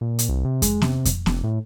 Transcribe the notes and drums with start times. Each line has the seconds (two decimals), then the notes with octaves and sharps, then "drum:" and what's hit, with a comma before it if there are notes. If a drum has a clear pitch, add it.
0.01 A#2
0.19 drum: hi-hat
0.29 C2
0.45 C3
0.62 G#3, drum: kick F2, hi-hat
0.82 C3, drum: snare B3
1.05 drum: kick F2, hi-hat
1.26 F1, drum: snare B3
1.44 A2